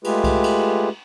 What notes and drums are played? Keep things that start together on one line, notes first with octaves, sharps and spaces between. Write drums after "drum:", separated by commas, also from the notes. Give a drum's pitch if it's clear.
G#3 A3 F4 G4 G#4 B4, drum: cymbal
drum: kick C2, cymbal
drum: cymbal